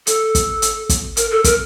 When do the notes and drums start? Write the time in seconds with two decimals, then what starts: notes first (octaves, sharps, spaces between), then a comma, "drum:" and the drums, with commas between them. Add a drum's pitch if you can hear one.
0.07 A4, drum: hi-hat
0.35 drum: kick, hi-hat
0.62 drum: hi-hat
0.89 drum: kick, hi-hat
1.17 A#4, drum: hi-hat
1.31 A4
1.44 A#4, drum: kick, hi-hat